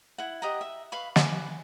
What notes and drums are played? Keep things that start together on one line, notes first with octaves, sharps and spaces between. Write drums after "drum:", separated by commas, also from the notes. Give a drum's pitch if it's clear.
E4 F#5
G4 D#5 F#5 A#5
E5
B4 F5 B5 C#6
B4 G#5 D6, drum: snare